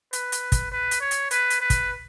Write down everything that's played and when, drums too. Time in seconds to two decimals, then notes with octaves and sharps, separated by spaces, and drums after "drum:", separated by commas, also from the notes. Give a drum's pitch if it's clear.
0.13 B4, drum: hi-hat
0.32 drum: hi-hat
0.52 drum: kick, hi-hat
0.72 B4
0.91 drum: hi-hat
1.01 C#5
1.11 drum: hi-hat
1.31 B4, drum: hi-hat
1.50 drum: hi-hat
1.61 B4
1.70 drum: kick, hi-hat